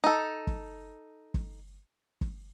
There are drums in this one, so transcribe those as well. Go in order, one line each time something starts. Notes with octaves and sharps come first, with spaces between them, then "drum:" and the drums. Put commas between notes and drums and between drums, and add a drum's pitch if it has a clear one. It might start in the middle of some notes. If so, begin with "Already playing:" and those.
D#4 A4
drum: kick
drum: kick
drum: kick